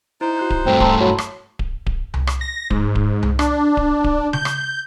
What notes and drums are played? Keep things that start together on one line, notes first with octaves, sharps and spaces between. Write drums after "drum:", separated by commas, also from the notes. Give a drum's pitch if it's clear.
D#4 E4 C5
F#4 F#6 G6
drum: kick D1
G2 A3 C4
D#4 A4 A5 C6 C#6, drum: kick D1
F#3 E4
drum: rim click
drum: kick D1
drum: kick D1
drum: tom C2
drum: rim click
A#6
G#2, drum: kick D1
drum: kick D1
drum: tom C2
D4, drum: rim click
drum: kick D1
drum: kick D1
G6, drum: tom C#3
drum: rim click